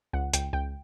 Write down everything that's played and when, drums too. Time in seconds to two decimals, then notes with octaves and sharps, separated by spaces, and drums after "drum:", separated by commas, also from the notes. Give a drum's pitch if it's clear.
0.13 C#2 F#5
0.34 C#2 G5, drum: hi-hat
0.53 C#2 G5